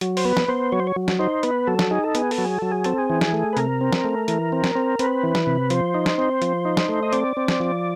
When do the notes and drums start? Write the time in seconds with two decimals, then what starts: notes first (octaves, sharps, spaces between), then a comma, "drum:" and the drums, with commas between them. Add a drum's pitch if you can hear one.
0.01 F#3, drum: hi-hat
0.17 C5, drum: open hi-hat
0.25 B3 B4
0.37 drum: snare
0.48 B3 C5
0.72 F#3 C#5
0.80 C5
0.87 C#5
0.96 F#3
1.08 drum: snare
1.19 D#4 C5
1.43 B3 B4, drum: hi-hat
1.67 F#3 A4
1.79 drum: snare
1.91 D#4 G#4
2.04 A4
2.15 B3 G#4, drum: hi-hat
2.31 A4, drum: open hi-hat
2.38 F#3
2.45 G#4
2.58 F#3 A4
2.71 G#4
2.84 C4 A4, drum: hi-hat
2.98 G#4
3.10 E3
3.21 drum: snare
3.33 A3
3.53 B4
3.57 C3 A#4, drum: hi-hat
3.81 C4
3.92 drum: snare
4.04 A3
4.28 E3, drum: hi-hat
4.52 C4
4.64 drum: snare
4.75 C4
4.99 C4 B4, drum: hi-hat
5.23 E3
5.35 drum: snare
5.47 C3
5.70 F3 C5, drum: hi-hat
5.94 D#4
6.06 drum: snare
6.18 C4
6.42 F3, drum: hi-hat
6.65 D#4
6.77 drum: snare
6.89 A3
7.03 D#5
7.13 C4 D5, drum: hi-hat
7.37 C4
7.48 drum: snare
7.60 F3